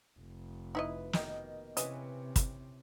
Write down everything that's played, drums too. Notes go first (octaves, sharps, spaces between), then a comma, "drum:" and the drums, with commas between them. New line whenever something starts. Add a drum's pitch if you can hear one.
F1
D#4 E4 B4 D#5
B2 D#3 A#3, drum: snare
C3 E3 C#4 B4 D#5, drum: hi-hat
drum: kick, hi-hat